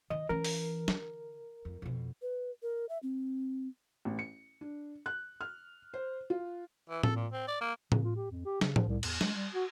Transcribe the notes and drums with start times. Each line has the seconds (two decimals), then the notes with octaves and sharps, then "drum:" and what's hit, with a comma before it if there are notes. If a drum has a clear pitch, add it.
0.10 D#3 D#5
0.29 E3 C#4 A#4
0.44 drum: open hi-hat
0.88 D3, drum: snare
1.65 F2
1.82 F2 B2
2.22 B4
2.62 A#4
2.89 E5
3.03 C4
4.05 A1
4.19 C#7
4.61 D4
5.06 F#6
5.41 F6
5.94 C5
6.30 F4
6.90 E3
7.03 A4, drum: tom A2
7.16 A#2
7.32 C4
7.48 D5
7.61 A#3
7.92 C#3, drum: tom A2
8.04 F4
8.16 G4
8.31 F2
8.45 G4
8.61 C#3, drum: snare
8.76 F3, drum: tom A2
8.88 C2
9.03 E2, drum: cymbal
9.21 G#3, drum: snare
9.35 G3
9.54 F#4